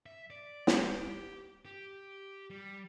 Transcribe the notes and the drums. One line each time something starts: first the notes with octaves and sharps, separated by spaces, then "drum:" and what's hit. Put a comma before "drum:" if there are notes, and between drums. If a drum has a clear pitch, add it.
E5
D5
drum: snare
G4
G4
G3